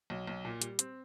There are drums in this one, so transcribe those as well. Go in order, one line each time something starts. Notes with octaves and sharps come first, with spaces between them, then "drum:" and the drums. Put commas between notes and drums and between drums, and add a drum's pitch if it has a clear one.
B1
B1
A#2
G3, drum: hi-hat
C4, drum: hi-hat